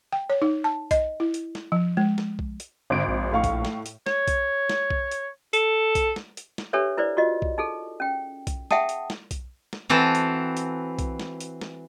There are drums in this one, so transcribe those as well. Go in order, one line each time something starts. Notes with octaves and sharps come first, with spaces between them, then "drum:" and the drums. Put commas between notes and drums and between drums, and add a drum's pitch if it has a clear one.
G5
C#5
D#4
A5
D#5, drum: kick B1, hi-hat
E4
drum: hi-hat
drum: snare
F3
G#3
drum: snare
drum: kick B1
drum: hi-hat
G#1 D3 D7
A#1
A2 F5 C#6
drum: kick B1, hi-hat
drum: snare
drum: hi-hat
C#5, drum: snare
drum: kick B1, hi-hat
drum: snare
drum: kick B1
drum: hi-hat
A4, drum: hi-hat
drum: kick B1, hi-hat
drum: snare
drum: hi-hat
drum: snare
D4 G4 A4 B4 C#5 E5
E4 B4 C5 D5
F4 F#4 D#5
drum: kick B1
D#4 G#4 A4
C#4 G5
drum: kick B1, hi-hat
G#4 E5 F#5 G5 A5 D#6, drum: snare
drum: hi-hat
drum: snare
drum: kick B1, hi-hat
drum: snare
E3 C4 F#4 A4
drum: hi-hat
drum: hi-hat
drum: kick B1, hi-hat
drum: snare
drum: hi-hat
drum: snare